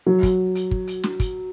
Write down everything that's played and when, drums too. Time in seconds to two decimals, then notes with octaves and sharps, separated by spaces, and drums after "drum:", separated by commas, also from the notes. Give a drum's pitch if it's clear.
0.06 F#3
0.23 drum: kick, hi-hat
0.55 drum: hi-hat
0.71 drum: kick
0.87 drum: hi-hat
1.03 drum: snare
1.20 drum: kick, hi-hat